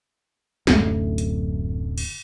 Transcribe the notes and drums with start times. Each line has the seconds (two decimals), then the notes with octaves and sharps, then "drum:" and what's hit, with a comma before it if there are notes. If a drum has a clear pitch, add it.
0.67 D1 F#2 A3, drum: snare
1.18 drum: hi-hat
1.98 drum: cymbal